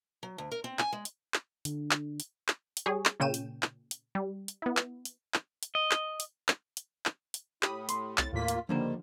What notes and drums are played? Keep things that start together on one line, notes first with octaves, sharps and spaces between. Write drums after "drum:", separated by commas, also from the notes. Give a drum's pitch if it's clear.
F#3
D2
A#4
C4
G#5, drum: clap
G#3
drum: hi-hat
drum: clap
D3, drum: hi-hat
drum: clap
drum: hi-hat
drum: clap
drum: hi-hat
G3 G4 G#4 C#5
drum: clap
A#2 C#3 C#4 G5 D#7 E7
drum: hi-hat
drum: clap
drum: hi-hat
G3
drum: hi-hat
B3 E4
drum: clap
drum: hi-hat
drum: clap
drum: hi-hat
D#5
drum: clap
drum: hi-hat
drum: clap
drum: hi-hat
drum: clap
drum: hi-hat
A2 G4 B5 D#6, drum: clap
C6, drum: hi-hat
C2 A6, drum: clap
D#2 A2 A#3 F4 B6
drum: hi-hat
C#2 D3 D#3 F3 G3 A#3 C5